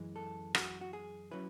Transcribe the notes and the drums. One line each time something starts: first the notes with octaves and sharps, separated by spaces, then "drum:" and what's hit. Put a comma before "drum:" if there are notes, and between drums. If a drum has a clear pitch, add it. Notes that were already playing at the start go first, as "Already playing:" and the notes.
Already playing: F#2 E3 G#3
A4
F#4, drum: rim click
F#4
G#4
F#3 C#4 E4 B4